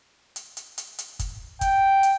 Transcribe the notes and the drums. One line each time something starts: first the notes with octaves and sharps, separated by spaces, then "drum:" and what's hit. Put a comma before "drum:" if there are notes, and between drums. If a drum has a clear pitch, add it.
drum: hi-hat
drum: hi-hat
drum: hi-hat
drum: hi-hat
drum: kick, hi-hat
G5, drum: kick, hi-hat
drum: hi-hat